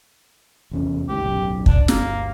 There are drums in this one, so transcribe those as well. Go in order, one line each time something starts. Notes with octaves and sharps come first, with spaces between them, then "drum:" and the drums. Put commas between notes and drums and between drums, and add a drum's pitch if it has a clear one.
F1 E2 C#4
C#2 A2 D#3 G4
D1 B1 F#2
D4, drum: kick
G1 D2 A#3, drum: snare